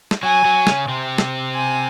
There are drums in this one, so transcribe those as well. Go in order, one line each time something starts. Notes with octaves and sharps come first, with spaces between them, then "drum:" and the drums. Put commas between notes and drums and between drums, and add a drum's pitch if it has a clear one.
drum: snare
F#3 F#4 G#5
F#3 F#4
C#3 C#4, drum: snare
C3 C4
drum: snare
G#5